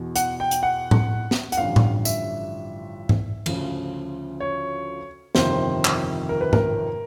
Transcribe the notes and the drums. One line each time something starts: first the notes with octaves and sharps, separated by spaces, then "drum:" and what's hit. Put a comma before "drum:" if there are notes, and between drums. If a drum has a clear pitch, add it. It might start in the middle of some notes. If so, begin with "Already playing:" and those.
Already playing: E2 B2
F#5, drum: hi-hat
G5
drum: hi-hat
F#5
drum: tom A2
drum: snare
F#5, drum: hi-hat
A1 G2 D3 F3 F5
drum: tom A2
E5, drum: tambourine
drum: tom G#2
D2 C#3 F3, drum: cymbal
C#5
G1 F2 C3 D#3 C5, drum: snare
drum: clap
A#4
B4
A#4, drum: tom G#2